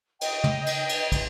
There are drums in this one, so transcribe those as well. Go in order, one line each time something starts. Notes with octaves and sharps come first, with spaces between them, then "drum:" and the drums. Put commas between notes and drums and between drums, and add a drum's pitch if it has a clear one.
D#5 G5, drum: cymbal
drum: tom
drum: cymbal
drum: cymbal
drum: kick, cymbal